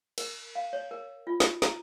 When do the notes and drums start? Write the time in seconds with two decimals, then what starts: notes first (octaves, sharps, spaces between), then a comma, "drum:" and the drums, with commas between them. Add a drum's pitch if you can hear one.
0.18 A#4, drum: cymbal
0.55 F5
0.73 C#5
0.91 A#4
1.27 F4
1.40 F#4, drum: snare
1.62 A#5, drum: snare